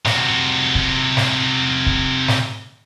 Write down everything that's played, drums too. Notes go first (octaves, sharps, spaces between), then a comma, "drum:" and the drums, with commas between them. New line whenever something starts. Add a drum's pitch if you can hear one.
C3 F#4, drum: snare
drum: kick
drum: snare
drum: kick
drum: snare